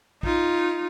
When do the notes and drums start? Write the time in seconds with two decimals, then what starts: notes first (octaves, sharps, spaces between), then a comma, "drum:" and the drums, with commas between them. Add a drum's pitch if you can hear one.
0.23 D#4 F4, drum: kick